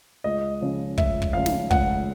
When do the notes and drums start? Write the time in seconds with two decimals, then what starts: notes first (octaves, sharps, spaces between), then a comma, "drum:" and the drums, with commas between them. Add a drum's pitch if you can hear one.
0.24 C#2 D#5
0.61 C#3 F3
0.98 C#2 E5, drum: kick
1.22 drum: kick
1.33 C#3 F3 F5
1.46 drum: snare
1.71 C#2 F#5, drum: kick